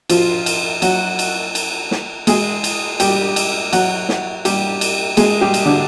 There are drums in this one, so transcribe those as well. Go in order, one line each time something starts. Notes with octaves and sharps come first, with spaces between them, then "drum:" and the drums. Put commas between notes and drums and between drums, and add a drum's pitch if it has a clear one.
F3 F4, drum: cymbal
drum: cymbal
F#3 F#4, drum: cymbal
drum: cymbal
drum: cymbal
drum: snare
G#3 G#4, drum: cymbal
drum: cymbal
G3 G4, drum: cymbal
drum: cymbal
F#3 F#4, drum: cymbal
drum: snare
G3 G4, drum: cymbal
drum: cymbal
G#3 G#4, drum: cymbal
G3 G4
drum: cymbal
D3 D4